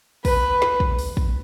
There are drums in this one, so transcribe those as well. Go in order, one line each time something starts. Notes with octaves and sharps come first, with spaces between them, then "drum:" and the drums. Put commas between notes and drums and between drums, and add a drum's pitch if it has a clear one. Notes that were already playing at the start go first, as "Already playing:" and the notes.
B4, drum: kick, open hi-hat
drum: snare
drum: kick
drum: open hi-hat
drum: kick